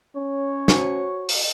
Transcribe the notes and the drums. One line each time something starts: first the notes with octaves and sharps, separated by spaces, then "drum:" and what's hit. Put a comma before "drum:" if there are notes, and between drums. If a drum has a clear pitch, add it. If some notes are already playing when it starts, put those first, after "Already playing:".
C#4 C#5
F#4 C5 G#5 C#6, drum: snare
drum: open hi-hat